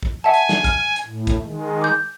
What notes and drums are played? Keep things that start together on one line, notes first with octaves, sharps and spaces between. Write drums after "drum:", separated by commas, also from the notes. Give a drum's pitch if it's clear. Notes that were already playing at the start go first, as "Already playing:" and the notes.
drum: kick
E5 F#5 G#5 A5
drum: hi-hat
drum: snare
F6, drum: kick, hi-hat
drum: hi-hat
A2
drum: kick, hi-hat
D#3 G#3
D6 G6